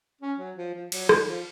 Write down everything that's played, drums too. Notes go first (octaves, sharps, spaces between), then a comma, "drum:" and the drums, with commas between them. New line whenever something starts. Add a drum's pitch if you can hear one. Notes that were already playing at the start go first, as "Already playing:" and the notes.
C#4
F#3
F3
F3
F#3, drum: cymbal
D#3, drum: rim click
F3